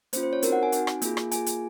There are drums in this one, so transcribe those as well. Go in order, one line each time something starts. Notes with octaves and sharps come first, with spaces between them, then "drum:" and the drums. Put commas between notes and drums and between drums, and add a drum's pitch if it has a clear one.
A#3 C#4 F4 C5, drum: hi-hat
C5
C#5
C4 D#4 F#4 A#4, drum: hi-hat
F#5
G#5
C4 D#4 F#4, drum: hi-hat
drum: rim click
A#3 F4 G#4, drum: hi-hat
drum: rim click
A#3 F4 G#4 G#5, drum: hi-hat
drum: hi-hat